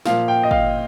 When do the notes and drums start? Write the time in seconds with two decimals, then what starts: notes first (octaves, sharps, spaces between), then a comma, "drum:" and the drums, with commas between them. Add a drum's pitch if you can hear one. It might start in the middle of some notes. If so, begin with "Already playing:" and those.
0.06 A#2 F3 F5, drum: snare
0.28 G5
0.43 D#5
0.51 F5, drum: kick